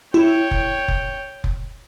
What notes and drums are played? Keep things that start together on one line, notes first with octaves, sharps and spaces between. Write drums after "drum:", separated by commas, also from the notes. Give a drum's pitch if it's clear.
E4 C#5 G5
drum: kick F1
drum: kick F1
drum: kick F1